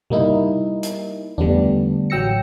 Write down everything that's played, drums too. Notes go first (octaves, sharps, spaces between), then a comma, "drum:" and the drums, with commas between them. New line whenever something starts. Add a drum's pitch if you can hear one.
G3 A#3 D#4 E4, drum: tom C3
drum: hi-hat
D3 G3 A3 B3 D4, drum: tom E2
A1 F#3 G5 E6 A#6 C#7